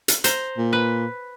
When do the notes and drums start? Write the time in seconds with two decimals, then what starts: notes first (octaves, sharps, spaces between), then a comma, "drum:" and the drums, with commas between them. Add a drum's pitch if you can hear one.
0.08 drum: hi-hat
0.24 C5 A#5, drum: hi-hat
0.58 A#2
0.73 B4